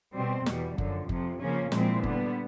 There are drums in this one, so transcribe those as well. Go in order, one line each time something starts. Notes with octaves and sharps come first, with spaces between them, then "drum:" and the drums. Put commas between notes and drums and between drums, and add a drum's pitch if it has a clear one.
B2 G3 C4
E2 B2 G3, drum: snare
F#2 D3 F3, drum: kick F#1
F2 C3 F3, drum: kick F#1
C#3 F3 A#3 C#4
A#2 F3 G#3 C4 E4, drum: snare
D3 G3 B3, drum: kick F#1